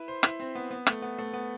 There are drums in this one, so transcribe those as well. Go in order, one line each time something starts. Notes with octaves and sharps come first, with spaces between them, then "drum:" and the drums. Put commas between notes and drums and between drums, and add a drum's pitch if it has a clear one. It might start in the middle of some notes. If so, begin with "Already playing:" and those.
Already playing: E4 B4
C5
E4, drum: rim click
C4
B3
B3
A3, drum: rim click
B3
A3
B3